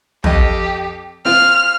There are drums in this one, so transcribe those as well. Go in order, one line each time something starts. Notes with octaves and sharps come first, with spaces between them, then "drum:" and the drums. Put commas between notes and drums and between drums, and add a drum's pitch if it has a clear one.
F2 G4 D#5, drum: tom
C4 F4 F6